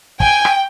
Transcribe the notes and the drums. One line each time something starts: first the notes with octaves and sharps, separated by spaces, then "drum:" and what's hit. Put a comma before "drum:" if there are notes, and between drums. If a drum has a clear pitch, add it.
G5 G#5, drum: kick
drum: rim click